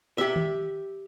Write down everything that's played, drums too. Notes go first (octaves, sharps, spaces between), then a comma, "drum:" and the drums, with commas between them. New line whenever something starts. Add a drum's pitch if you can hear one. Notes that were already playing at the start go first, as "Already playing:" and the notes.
G4 E5
drum: tom D#3